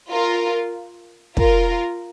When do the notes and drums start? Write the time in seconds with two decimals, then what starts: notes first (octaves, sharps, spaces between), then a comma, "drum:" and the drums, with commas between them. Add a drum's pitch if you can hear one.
0.11 F4 A#4
1.37 F4 A#4, drum: kick